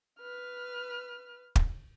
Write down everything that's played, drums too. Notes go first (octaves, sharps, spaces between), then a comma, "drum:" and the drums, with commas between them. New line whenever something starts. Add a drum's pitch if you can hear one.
B4 F6
drum: kick